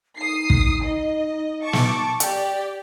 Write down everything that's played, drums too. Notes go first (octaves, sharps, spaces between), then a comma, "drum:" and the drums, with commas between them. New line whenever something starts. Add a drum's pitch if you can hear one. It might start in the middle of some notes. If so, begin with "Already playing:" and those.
D#4 D#6 C7
drum: kick
D#5
A5 C#6 D6
drum: snare
G4 D5, drum: hi-hat